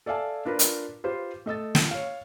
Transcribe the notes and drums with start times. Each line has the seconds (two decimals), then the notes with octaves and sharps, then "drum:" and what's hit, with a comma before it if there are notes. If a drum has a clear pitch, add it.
0.06 A4 D5 E5 F5 G#5 A5
0.45 D4 F4 A#4 B4
0.59 drum: hi-hat
1.04 F4 G4 B4 C5
1.46 A3 D#5 E6 A6
1.75 drum: snare
1.91 C#5 F5